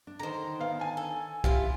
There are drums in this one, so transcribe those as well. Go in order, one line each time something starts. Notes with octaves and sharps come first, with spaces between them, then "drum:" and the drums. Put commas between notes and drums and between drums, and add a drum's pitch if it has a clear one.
D4
D3 D#3 C5 A#5
B3 F5
G#5 A5
A4
E4 F4 G4 F5, drum: kick